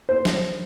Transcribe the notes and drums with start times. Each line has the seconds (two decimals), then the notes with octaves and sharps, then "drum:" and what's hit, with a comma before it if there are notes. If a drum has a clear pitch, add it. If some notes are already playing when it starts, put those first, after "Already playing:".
0.09 C5
0.25 drum: snare